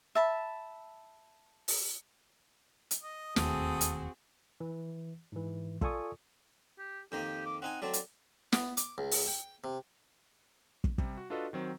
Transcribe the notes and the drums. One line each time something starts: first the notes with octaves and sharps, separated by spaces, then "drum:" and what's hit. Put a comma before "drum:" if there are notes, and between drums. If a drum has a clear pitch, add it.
E5 A5 B5
drum: open hi-hat
drum: hi-hat
D#5
E1 D#2 A3 C4 F#4 G#4 A4 D#6, drum: snare
drum: hi-hat
E3
G#2 E3
F4 A4 D5 G#5 C#6 D#6, drum: kick
G4
F2 D#3 A#3 G4
D6
C4 D#4 F#5 G#5
F#3 A3 C4 D5
drum: hi-hat
B3, drum: snare
D6, drum: hi-hat
C#2
drum: open hi-hat
G5
C3
drum: kick
C3 G3, drum: kick
F#4
D4 F4 F#4 A4 B4 D#5
D#3 F#3 C4